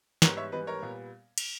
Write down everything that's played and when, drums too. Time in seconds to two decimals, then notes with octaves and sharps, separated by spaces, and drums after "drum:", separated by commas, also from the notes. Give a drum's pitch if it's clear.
0.22 G#2 E3 G3 B3 A#4 C#5, drum: snare
0.37 C#5 E5
0.52 G#2 E3 G3 B3 B4 D#5
0.67 A#4 C#5
0.82 A#2 G3 B3
1.38 drum: cymbal